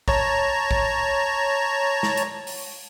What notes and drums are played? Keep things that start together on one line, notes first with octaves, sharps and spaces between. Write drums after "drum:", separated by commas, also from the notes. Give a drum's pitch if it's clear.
C#5 A5 A#5, drum: kick A#1
drum: kick A#1
drum: snare
drum: hi-hat
drum: open hi-hat